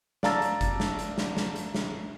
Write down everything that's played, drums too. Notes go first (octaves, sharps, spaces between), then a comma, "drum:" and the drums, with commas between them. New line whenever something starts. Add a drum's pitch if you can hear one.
D5 F5 A5 A#5 E6 A6, drum: snare
drum: hi-hat
drum: kick, hi-hat
drum: snare
drum: hi-hat
drum: snare
drum: snare
drum: hi-hat
drum: snare